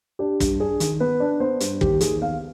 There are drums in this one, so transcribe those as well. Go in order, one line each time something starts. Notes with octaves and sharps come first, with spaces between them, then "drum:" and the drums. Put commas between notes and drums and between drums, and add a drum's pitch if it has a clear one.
D4 G4
G2, drum: kick, hi-hat
D4 G#4
D#3, drum: hi-hat
B3 B4
D4
B3 C5
G2, drum: hi-hat
D#2 G4, drum: kick
D#2 G#4, drum: hi-hat
B3 F5